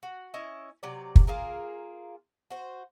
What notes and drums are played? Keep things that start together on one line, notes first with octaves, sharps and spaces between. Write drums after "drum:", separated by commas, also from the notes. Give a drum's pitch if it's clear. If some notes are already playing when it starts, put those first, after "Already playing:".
F#4
C#4 E4 D#5
C3 F#3 D5
drum: kick
A#3 F4 G#4 A#4
F#4 C5